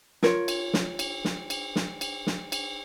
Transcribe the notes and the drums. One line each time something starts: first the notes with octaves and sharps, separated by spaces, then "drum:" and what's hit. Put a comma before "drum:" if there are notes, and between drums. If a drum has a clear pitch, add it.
F4 A#4 C#5, drum: snare
drum: cymbal
drum: snare
drum: cymbal
drum: snare
drum: cymbal
drum: snare
drum: cymbal
drum: snare
drum: cymbal